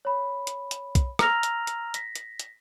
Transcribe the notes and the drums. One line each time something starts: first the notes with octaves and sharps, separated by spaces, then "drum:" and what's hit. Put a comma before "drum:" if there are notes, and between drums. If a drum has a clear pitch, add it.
C#5 B5
drum: hi-hat
drum: hi-hat
drum: kick, hi-hat
A#5 E6 F6 A#6 F7, drum: rim click
drum: hi-hat
drum: hi-hat
A#6 B6, drum: hi-hat
drum: hi-hat
drum: hi-hat